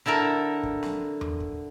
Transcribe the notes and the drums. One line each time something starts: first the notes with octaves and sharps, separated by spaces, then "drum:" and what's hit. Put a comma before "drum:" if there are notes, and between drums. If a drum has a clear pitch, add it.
D3 E4 A4 A#4
drum: kick
drum: snare
drum: tom E2
drum: kick